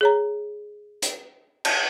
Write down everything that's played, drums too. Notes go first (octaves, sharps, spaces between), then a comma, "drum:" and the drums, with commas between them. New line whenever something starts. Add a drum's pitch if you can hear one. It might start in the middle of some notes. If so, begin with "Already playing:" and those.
G#4 C#5 A#5
drum: hi-hat
drum: cymbal